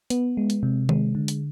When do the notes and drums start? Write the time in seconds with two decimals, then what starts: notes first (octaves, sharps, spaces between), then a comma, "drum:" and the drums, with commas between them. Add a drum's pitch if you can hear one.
0.10 B3, drum: hi-hat
0.37 G#3
0.50 drum: hi-hat
0.63 C3
0.89 G#3, drum: tom D#3
1.15 D3
1.28 drum: hi-hat